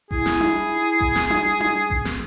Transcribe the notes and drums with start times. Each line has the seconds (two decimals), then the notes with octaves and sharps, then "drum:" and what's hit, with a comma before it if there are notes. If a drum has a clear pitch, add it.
0.11 E4 G#4, drum: kick A1
0.26 drum: snare
0.41 drum: tom D4
1.01 drum: kick A1
1.15 drum: snare
1.30 drum: tom D4
1.60 drum: tom D4
1.90 drum: kick A1
2.05 drum: snare